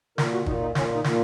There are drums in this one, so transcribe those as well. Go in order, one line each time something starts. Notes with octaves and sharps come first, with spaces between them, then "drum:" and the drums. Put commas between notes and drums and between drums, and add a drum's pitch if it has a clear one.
A#2 A#4, drum: snare
F#4
A#2 D#4, drum: kick
D#4
A#2 C#4, drum: snare
D#4
A#2, drum: snare